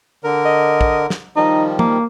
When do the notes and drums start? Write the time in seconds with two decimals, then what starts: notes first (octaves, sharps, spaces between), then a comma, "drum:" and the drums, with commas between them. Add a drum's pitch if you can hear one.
0.24 D3 A#4
0.46 D#5
0.81 drum: kick
1.10 drum: snare
1.37 D#3 F3 G3 D#4
1.79 A#3, drum: tom